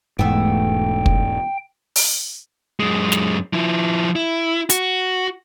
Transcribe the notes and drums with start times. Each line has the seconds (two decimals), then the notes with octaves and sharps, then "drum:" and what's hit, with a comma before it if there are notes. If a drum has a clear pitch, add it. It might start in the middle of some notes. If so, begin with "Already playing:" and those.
0.19 E1 G#2 E3 A3 B3 G5
1.06 drum: kick
1.96 drum: open hi-hat
2.80 F#2 G#3
3.12 drum: snare
3.53 F3 E4
4.16 E4
4.70 F#4, drum: hi-hat